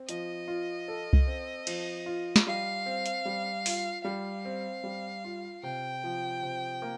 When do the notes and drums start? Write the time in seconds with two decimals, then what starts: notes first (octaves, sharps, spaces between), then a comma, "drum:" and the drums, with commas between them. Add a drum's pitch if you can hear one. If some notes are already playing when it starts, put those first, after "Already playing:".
Already playing: C4
0.09 F3 D#5, drum: hi-hat
0.48 F4
0.88 A4
1.13 drum: kick C2
1.27 C4
1.67 F3, drum: cymbal
2.06 F4
2.36 drum: snare
2.46 G3 F5
2.86 C4
3.06 drum: hi-hat
3.25 G3
3.66 F4, drum: open hi-hat
4.04 G3 F5
4.45 C4
4.84 G3
5.24 F4
5.63 C3 G5
6.04 F3
6.43 C3
6.82 A#3